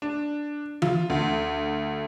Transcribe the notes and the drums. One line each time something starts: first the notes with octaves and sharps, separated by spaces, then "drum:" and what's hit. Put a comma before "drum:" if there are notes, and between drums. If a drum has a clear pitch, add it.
D4
F4, drum: tom E3
D2